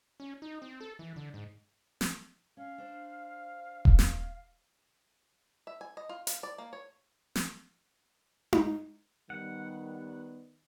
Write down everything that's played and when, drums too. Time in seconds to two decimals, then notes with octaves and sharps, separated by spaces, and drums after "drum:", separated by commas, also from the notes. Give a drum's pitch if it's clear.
0.20 C#4
0.42 D#4
0.62 C4
0.81 A4
0.99 E3
1.16 D3
1.34 G#2
2.01 drum: snare
2.57 C#4 F5
2.78 D4 C5
3.85 drum: kick D#1
3.99 drum: snare
5.67 E5
5.81 G#5
5.97 D#5
6.09 F4
6.27 F5, drum: hi-hat
6.43 D5
6.58 A#3
6.73 C#5
7.35 drum: snare
8.53 drum: tom D#4
9.30 D#3 G3 B3 F#5